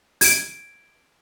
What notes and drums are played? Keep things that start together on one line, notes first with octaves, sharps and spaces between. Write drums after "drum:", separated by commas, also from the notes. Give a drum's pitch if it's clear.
G#6 D7, drum: open hi-hat